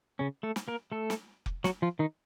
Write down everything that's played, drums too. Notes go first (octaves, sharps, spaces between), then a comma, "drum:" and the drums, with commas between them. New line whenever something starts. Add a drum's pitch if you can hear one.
C#3 C#4
A3 A4
drum: snare
A#3 A#4
A3 A4
drum: snare
drum: kick F1
F#3 F#4, drum: snare
F3 F4
D#3 D#4